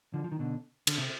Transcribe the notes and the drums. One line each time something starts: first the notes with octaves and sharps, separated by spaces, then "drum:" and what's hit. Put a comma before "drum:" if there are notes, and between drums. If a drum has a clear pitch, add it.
D3 F3
F3
D#3
B2 D3
D3, drum: cymbal
C3